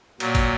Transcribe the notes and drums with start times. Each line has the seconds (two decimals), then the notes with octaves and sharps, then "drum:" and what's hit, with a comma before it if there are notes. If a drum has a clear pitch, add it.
0.20 A#2 F#3, drum: cymbal
0.35 drum: kick, cymbal